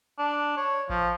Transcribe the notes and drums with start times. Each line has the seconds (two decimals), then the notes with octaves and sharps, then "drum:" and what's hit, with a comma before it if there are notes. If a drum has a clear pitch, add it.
0.19 D4
0.57 C#5
0.90 F3, drum: kick A1